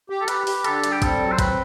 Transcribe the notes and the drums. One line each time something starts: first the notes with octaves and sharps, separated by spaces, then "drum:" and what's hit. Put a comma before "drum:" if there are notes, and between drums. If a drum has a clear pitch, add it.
G4
A4
G4 B4, drum: hi-hat
G4, drum: open hi-hat
D3 A4, drum: hi-hat
G3, drum: hi-hat
G4
C4 A4, drum: kick, hi-hat
F#3
C5
C4 B4, drum: kick, hi-hat